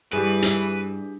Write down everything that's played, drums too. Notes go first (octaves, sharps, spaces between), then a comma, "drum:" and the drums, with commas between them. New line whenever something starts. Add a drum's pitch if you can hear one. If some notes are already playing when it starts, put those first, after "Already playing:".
G2 E3 G4 G#4 B4
drum: hi-hat